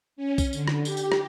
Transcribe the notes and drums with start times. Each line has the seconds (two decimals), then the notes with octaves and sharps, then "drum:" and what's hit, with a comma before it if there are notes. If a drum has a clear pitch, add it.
0.16 C#4
0.38 drum: kick B1, tambourine
0.53 D3, drum: tambourine
0.68 drum: rim click
0.85 G4, drum: tambourine
0.97 drum: tambourine
1.12 drum: rim click